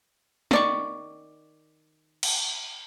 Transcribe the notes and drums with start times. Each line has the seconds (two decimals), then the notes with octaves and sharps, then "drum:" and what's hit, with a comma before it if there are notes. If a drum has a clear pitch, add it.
0.51 D#3 D5 C#6, drum: snare
2.23 drum: cymbal